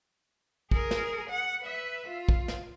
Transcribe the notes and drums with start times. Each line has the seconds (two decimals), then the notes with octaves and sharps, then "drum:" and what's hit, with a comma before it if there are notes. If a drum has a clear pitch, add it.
0.71 G#4 A#4, drum: kick
0.91 drum: snare
1.30 F#5
1.62 B4 E5
2.08 F4
2.29 drum: kick
2.48 drum: snare